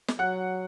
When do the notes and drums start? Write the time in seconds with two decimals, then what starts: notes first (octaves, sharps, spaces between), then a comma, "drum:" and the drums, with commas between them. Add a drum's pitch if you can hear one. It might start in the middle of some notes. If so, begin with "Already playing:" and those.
0.08 drum: snare
0.19 F#3 F#5 F#6